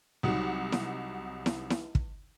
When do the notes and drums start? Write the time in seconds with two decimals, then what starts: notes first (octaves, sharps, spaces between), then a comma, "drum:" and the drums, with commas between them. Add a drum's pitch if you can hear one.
0.23 C2 F#3 D#4 F#5
0.72 drum: snare E4
1.46 drum: snare E4
1.70 drum: snare E4
1.95 drum: kick